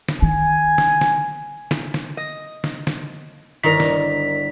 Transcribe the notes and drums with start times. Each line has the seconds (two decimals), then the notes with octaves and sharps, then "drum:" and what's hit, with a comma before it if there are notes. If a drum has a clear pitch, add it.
0.08 drum: snare
0.22 D#3 G#5
0.78 drum: snare
1.01 drum: snare
1.71 drum: snare
1.94 drum: snare
2.17 D#5
2.64 drum: snare
2.87 drum: snare
3.63 G1 D#3 E4 A#4 D5 B6
3.80 drum: snare